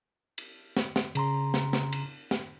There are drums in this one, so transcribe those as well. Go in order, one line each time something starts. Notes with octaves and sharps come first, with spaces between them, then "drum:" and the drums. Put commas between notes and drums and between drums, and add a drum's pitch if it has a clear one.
drum: cymbal
drum: snare
drum: snare
C#3 A#5 C6, drum: cymbal
drum: snare
drum: snare
drum: cymbal
drum: snare